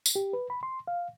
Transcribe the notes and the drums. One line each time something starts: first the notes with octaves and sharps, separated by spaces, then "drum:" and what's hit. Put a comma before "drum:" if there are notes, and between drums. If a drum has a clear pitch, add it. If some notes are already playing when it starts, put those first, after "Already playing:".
drum: tambourine
G4
B4
B5
C6
F5